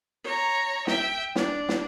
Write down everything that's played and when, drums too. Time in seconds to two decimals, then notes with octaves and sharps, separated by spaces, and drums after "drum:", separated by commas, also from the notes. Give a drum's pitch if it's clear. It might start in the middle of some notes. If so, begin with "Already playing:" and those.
0.24 C#5 A#5
0.87 E5 G5, drum: snare
1.35 D4, drum: snare
1.69 drum: snare